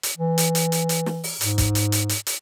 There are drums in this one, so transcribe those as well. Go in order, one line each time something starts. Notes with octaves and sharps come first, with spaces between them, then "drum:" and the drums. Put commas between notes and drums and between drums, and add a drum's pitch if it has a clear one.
drum: hi-hat
E3
drum: hi-hat
drum: hi-hat
drum: hi-hat
drum: hi-hat
drum: snare
drum: open hi-hat
G#2, drum: hi-hat
drum: kick, hi-hat
drum: hi-hat
drum: hi-hat
drum: hi-hat
drum: hi-hat